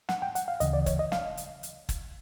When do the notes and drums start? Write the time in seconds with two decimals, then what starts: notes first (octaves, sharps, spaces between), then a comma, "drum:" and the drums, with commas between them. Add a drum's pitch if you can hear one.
0.09 F#5, drum: snare
0.22 G5
0.35 F#5, drum: hi-hat
0.48 F5
0.60 D2 C#3 E3 D#5, drum: hi-hat
0.73 D5
0.86 C#5, drum: kick, hi-hat
0.99 D#5
1.12 F5, drum: snare
1.37 drum: hi-hat
1.63 drum: hi-hat
1.89 drum: kick, hi-hat